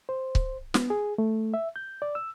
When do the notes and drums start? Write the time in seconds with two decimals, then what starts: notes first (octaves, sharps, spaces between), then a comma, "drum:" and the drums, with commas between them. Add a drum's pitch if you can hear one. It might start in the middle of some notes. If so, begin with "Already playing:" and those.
0.09 C5
0.35 drum: kick C#1
0.74 B3, drum: snare
0.90 G#4
1.18 A3
1.54 E5
1.76 G6
2.02 D5
2.15 E6